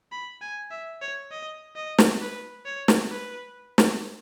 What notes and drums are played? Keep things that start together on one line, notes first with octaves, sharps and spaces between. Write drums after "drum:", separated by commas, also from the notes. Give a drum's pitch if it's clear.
B5
G#5
E5
C#5
D#5
D#5
drum: snare
B4
C#5
drum: snare
B4
drum: snare